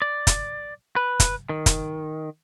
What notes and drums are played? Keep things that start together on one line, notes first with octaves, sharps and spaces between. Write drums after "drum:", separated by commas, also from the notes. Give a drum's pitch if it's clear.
D5
drum: kick, hi-hat
B4
drum: kick, hi-hat
D#3
drum: kick, hi-hat